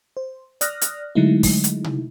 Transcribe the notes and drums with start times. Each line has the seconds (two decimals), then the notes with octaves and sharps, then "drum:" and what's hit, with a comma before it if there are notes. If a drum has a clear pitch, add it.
0.17 C5
0.61 D5 D#6 F6 F#6 A#6, drum: hi-hat
0.81 drum: hi-hat
1.15 D3 F#3 G#3 A3 D#4 E4
1.43 drum: kick, open hi-hat
1.64 drum: hi-hat
1.84 drum: tom C3